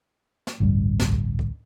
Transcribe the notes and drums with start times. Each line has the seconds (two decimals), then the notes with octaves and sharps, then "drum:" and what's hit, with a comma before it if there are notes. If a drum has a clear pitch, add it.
0.47 drum: snare
0.60 A1 D2 G2 G3
1.00 drum: snare
1.13 drum: kick
1.39 drum: kick